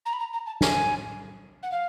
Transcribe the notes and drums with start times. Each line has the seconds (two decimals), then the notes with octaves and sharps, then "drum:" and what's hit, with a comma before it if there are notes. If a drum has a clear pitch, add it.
0.05 A#5
0.13 B5
0.19 A#5
0.33 A#5
0.46 A5
0.61 G#5, drum: snare
1.63 F#5
1.71 F5